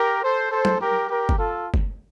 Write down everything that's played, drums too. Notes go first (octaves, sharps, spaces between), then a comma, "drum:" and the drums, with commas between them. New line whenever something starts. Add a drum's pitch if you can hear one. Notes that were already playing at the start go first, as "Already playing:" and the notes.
Already playing: G4 A#4
A4 C5
A4 C5
drum: tom F#3
G4 A#4
G4 A#4
drum: kick F#1
F4 A4
drum: kick F#1